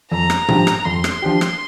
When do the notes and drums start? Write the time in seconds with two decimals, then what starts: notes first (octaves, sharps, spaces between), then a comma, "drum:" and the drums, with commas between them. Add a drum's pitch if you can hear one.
0.11 F2 A#5
0.30 drum: rim click
0.48 F3 D4 G4, drum: tom
0.67 drum: rim click
0.85 F2 C6
1.04 drum: rim click
1.22 F3 D4 G4
1.41 drum: rim click